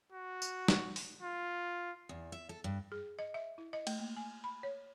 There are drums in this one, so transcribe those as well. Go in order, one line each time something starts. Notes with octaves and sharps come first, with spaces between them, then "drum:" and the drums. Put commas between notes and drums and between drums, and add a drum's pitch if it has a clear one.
F#4
drum: tambourine
drum: snare
drum: open hi-hat
F4
E2
E5
A4
G2
G#4
D#5
E5
E4
D#5
A3, drum: cymbal
A#3
G#5
B5
C#5